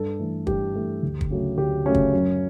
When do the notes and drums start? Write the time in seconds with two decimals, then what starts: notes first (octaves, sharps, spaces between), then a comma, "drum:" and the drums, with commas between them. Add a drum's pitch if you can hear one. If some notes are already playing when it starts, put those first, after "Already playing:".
Already playing: G2 A4
0.20 E3 A3
0.47 G2 G4, drum: kick
0.75 E3 A3
1.02 D2
1.21 drum: kick
1.31 C#3 F#3 A3
1.57 D2 G4
1.85 C#3 F#3 A3 C#4
1.95 drum: kick
2.13 F#2